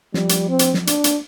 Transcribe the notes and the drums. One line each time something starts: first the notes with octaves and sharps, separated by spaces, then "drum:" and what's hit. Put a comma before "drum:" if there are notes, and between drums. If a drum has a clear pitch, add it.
F3 G3, drum: snare
drum: hi-hat
C4
drum: hi-hat
drum: snare
D4, drum: hi-hat
drum: hi-hat